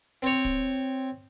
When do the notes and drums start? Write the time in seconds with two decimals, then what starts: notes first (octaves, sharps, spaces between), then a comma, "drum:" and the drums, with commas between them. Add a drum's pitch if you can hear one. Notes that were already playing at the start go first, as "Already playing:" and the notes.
0.22 C4 C#5
0.45 drum: kick